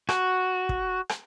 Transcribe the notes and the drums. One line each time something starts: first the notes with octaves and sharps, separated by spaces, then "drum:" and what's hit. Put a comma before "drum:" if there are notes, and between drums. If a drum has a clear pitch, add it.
F#4, drum: rim click
drum: kick
drum: rim click